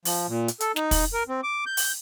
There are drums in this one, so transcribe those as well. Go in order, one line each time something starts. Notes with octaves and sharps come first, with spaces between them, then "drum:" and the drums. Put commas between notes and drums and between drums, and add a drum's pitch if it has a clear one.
F3, drum: open hi-hat
A#2
drum: hi-hat
A4, drum: hi-hat
D#4, drum: snare
drum: kick, open hi-hat
A#4
C4
D6
G6
drum: open hi-hat